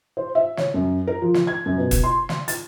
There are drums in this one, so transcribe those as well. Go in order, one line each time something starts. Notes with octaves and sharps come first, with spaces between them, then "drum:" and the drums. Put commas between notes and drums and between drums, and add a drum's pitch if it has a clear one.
C5
E5
C#5, drum: snare
F#2
A#4
F3
drum: snare
G#6
F#2
B2
drum: kick, hi-hat
C6
drum: snare
A6, drum: hi-hat